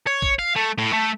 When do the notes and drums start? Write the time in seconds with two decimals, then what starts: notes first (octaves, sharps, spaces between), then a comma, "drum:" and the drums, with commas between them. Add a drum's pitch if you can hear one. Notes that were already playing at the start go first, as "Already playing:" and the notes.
0.07 C#5
0.22 drum: kick A1
0.39 F5
0.56 A3
0.78 A2
0.93 A3